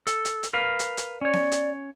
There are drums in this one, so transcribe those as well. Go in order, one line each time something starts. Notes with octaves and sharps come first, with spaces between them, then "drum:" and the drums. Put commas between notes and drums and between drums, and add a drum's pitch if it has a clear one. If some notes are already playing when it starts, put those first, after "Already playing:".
A4, drum: hi-hat
drum: hi-hat
drum: hi-hat
A#4 B4 F5
drum: hi-hat
drum: hi-hat
C#4 C#5 D5
drum: snare B3
drum: hi-hat